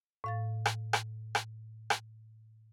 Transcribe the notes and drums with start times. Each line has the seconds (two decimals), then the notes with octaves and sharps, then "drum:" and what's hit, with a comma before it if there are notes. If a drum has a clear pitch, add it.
0.24 A2 F5 A6
0.66 drum: rim click
0.93 drum: rim click
1.35 drum: rim click
1.90 drum: rim click